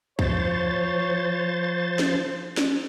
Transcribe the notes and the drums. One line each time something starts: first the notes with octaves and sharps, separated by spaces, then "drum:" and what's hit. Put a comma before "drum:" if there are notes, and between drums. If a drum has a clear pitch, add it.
F3 C5 C#5 A6, drum: kick
drum: snare
drum: snare